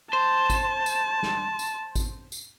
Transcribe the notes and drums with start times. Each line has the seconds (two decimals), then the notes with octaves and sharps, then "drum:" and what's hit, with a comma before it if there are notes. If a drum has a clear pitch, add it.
0.13 C5 A5
0.50 drum: kick G#1, tambourine
0.86 drum: tambourine
1.23 drum: snare
1.59 drum: tambourine
1.95 drum: kick G#1, tambourine
2.32 drum: tambourine